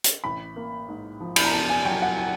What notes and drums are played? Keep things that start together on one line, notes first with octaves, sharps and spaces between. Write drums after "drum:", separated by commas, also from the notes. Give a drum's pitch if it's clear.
drum: hi-hat
A1 B5
A#3
G#2
F3
B5, drum: cymbal
A#5
F#1 A5
G#5
F#3 G5
F#5
G#5